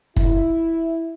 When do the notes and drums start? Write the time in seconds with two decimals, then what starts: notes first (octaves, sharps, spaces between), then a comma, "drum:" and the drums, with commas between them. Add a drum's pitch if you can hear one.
0.17 E4, drum: kick